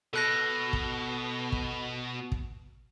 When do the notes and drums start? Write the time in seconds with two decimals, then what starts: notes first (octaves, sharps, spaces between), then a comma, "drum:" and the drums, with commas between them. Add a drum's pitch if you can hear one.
0.14 B2 A4 F#6 A#6
0.73 drum: kick
1.52 drum: kick
2.32 drum: kick